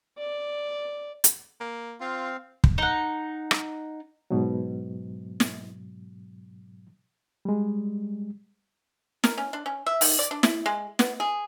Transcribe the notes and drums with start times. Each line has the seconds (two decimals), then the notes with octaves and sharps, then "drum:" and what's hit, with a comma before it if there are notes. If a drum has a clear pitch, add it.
0.18 D5
1.24 drum: hi-hat
1.61 A#3
2.01 C4 F4 F5
2.64 drum: kick
2.78 D#4 F#5
3.51 drum: rim click
4.30 G#2 B2 F#3
5.40 drum: snare
7.45 G3 G#3
9.24 A#4, drum: snare
9.38 C#4
9.53 D4
9.66 C#4
9.86 E5
10.01 D#3, drum: open hi-hat
10.19 D5
10.31 D4
10.43 E4, drum: snare
10.66 G#3
10.99 B3, drum: snare
11.20 G#4